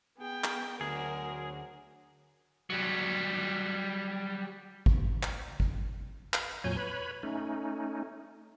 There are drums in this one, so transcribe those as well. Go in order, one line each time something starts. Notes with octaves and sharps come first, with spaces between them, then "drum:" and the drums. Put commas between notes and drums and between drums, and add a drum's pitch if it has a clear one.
B3 G#4 G5
drum: clap
D2 F#3 G#4 A#4
F#3 G3
drum: kick G#1
drum: clap
drum: kick G#1
drum: clap
F2 A#2 F#3 C#5 G#5 G6
B4 C#5 B5
A3 C#4 D#4